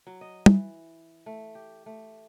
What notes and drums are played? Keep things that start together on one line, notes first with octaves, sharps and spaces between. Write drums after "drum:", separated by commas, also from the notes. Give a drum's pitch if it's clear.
F#3
D#5
E3, drum: tom
A3
G4
A3